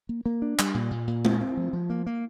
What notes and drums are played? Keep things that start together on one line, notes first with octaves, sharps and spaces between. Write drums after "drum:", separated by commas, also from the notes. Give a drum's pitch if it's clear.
A#3
A#3
D4
G3, drum: clap
A#2
A#2
A#2
C4, drum: tom G#3
C4
F3
F3
A#3
A#3